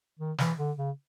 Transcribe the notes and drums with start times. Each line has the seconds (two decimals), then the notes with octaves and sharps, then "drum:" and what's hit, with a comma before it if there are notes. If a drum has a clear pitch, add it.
0.19 D#3
0.38 E3, drum: snare
0.58 D3
0.77 C#3